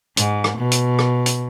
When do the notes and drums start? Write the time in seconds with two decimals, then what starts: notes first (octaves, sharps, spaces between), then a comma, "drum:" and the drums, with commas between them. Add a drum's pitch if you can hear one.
0.17 G#2, drum: hi-hat
0.44 drum: rim click
0.58 B2
0.71 drum: hi-hat
0.99 drum: rim click
1.26 drum: hi-hat